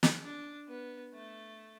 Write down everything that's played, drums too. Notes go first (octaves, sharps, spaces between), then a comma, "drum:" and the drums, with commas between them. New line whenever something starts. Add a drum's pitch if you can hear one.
drum: snare
D4
B3
A3